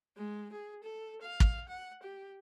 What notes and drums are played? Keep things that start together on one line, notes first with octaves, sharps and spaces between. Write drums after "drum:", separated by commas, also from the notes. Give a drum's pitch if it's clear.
G#3
G#4
A4
F5
drum: kick
F#5
G4